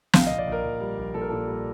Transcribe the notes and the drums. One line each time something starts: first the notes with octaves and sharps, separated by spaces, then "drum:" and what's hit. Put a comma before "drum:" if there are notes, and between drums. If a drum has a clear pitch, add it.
A#1 F5, drum: snare
A#1 D#5
D5
A#1 A#4
A#1
G3
A#1
A#2 A4
A#4
A#2 A4
G3